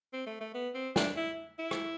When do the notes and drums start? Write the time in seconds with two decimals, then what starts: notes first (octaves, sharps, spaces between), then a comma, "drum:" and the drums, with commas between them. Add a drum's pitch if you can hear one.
0.13 C4
0.27 A3
0.40 A3
0.54 B3
0.75 C4
0.96 D4, drum: snare
1.17 E4
1.58 E4
1.71 drum: rim click